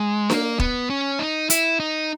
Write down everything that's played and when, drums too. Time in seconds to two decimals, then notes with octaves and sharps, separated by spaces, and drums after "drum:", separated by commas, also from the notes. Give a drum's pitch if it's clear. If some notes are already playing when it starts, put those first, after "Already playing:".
Already playing: G#3
0.30 A#3, drum: snare D4
0.60 B3, drum: kick
0.90 C#4
1.19 D#4
1.50 E4, drum: hi-hat
1.80 D#4